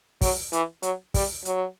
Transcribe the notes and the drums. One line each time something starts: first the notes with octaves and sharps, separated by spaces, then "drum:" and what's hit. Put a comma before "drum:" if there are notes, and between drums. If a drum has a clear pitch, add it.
F#3, drum: kick, open hi-hat
E3, drum: hi-hat
F#3, drum: hi-hat
G3, drum: kick, open hi-hat
F#3, drum: hi-hat